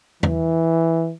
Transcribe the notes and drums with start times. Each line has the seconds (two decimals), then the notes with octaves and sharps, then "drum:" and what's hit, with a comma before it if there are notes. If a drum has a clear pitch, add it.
0.23 E3, drum: tom E2